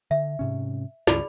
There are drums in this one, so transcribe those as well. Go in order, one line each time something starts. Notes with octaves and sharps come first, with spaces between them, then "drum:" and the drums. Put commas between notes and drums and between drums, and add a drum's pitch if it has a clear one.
D3 E5
G#2 C3 C#4
C#2 G2 C#3 G#4 D5 B5, drum: snare